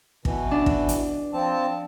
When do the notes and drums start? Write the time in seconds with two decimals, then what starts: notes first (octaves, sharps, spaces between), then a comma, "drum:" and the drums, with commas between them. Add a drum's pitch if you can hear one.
0.25 B2 E3, drum: kick
0.51 D4 D5
0.66 drum: kick
0.89 drum: hi-hat
1.33 F3 C4 A5